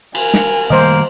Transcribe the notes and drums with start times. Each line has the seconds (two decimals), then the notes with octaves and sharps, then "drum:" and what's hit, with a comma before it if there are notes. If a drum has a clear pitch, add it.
0.15 A#4 G#5, drum: cymbal
0.34 drum: snare
0.70 D#3 G3 A3 A#3 C5 D#5